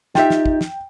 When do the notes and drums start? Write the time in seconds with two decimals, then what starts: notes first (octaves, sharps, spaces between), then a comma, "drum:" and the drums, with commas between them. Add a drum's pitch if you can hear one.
0.15 D#4 F4 G4 E5 G5, drum: snare
0.30 drum: snare
0.46 drum: kick
0.61 drum: snare